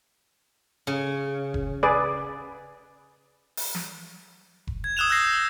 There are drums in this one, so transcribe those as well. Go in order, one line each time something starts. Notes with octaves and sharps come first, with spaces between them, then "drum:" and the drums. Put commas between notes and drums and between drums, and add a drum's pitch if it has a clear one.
C#3
drum: kick F1
G#4 B4 D5
drum: open hi-hat
drum: snare
drum: kick F1
G#6
D#6 E6 F#6 E7 F7
E6 F#6 G6 A#6 C7
E6